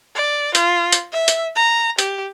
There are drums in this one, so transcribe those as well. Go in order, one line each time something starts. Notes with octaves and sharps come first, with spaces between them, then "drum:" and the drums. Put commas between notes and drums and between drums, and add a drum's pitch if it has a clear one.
D5
F4, drum: hi-hat
drum: hi-hat
E5
drum: hi-hat
A#5
G4, drum: hi-hat